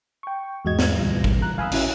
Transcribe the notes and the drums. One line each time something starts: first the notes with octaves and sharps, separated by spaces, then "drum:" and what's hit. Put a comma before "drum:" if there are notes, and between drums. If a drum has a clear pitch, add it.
G5 C#6
E2 G#2 G#3 F#4 D#5 G#6
drum: snare
D2 G#2 B2 E3 G3 A#6
drum: kick A1
A#5 F#6
F5 G#5 A#5 B5 D#6 E6
A1 C#4 E4 F#4 F#6, drum: cymbal